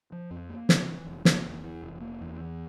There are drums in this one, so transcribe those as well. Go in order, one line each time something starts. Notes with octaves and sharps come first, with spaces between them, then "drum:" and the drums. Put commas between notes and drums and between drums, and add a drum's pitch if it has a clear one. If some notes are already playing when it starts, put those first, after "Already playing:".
F3
F2
A#3
C3, drum: snare
E3
F1
A#3, drum: snare
E2
E3
F1
A#3
E2
E3